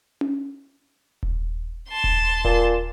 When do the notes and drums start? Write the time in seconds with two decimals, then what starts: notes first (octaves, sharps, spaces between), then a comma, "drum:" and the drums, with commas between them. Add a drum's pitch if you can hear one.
0.21 drum: tom C#4
1.23 drum: kick D#1
1.89 A5 C6
2.04 drum: kick D#1
2.44 A#2, drum: kick D#1